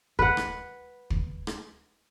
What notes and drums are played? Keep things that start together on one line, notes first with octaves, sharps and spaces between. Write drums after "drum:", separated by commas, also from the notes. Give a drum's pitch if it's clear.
B4 F#5, drum: kick
drum: rim click
drum: kick
drum: rim click